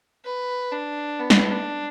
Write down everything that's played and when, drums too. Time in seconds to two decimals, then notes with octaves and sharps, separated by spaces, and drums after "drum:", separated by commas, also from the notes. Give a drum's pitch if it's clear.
0.25 B4
0.72 D4
1.19 B3
1.30 drum: snare
1.51 D4